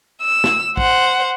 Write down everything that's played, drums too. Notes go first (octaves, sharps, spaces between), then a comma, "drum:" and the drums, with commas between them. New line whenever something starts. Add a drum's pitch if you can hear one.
E6
drum: snare
C5 F#5, drum: kick A#1